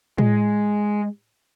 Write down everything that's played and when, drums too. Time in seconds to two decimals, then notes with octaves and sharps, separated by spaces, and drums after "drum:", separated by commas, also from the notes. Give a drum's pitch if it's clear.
0.18 G#3, drum: tom A2